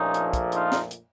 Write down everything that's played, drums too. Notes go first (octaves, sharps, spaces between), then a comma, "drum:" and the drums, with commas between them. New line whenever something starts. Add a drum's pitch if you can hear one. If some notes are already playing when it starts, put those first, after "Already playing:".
Already playing: A#1 A#2 F3 A3 C#4 D#4
drum: hi-hat
drum: kick, hi-hat
D#4 F4, drum: hi-hat
drum: snare
drum: hi-hat